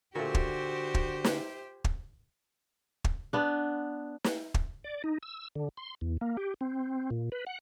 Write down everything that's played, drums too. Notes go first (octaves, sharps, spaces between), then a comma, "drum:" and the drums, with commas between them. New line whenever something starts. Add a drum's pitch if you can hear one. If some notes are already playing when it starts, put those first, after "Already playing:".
A#2 D3 A3 F#4 G4 C5
drum: kick
drum: kick
drum: snare
drum: kick
drum: kick
B3 D4
drum: snare
drum: kick
D5
D#4
E6
D3
C6
E2
A#3
G4
C4
A#2
B4
F#5